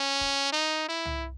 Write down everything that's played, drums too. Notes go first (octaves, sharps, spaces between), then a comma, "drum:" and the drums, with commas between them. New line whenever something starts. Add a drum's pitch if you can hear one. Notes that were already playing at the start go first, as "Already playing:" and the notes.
Already playing: C#4
drum: kick
D#4
E4
drum: tom C2